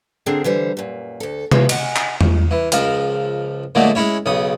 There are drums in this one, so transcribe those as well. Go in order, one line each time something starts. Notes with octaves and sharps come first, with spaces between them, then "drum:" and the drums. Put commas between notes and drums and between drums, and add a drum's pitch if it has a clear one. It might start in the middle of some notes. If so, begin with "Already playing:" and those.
D3 C4 D4 G#4 A#4
D3 E3 G3 C5
F#2 A#2
D2 A4
E3 F3 G#3 B3 E4 F4, drum: tom C3
D#5 F#5 G#5, drum: cymbal
drum: clap
drum: tom E2
E3
C#2 F3 A#4, drum: hi-hat
A#2 D3 F#3 G#3 A3
G#3 C#4 E4 C#5
B1 C#3 D#6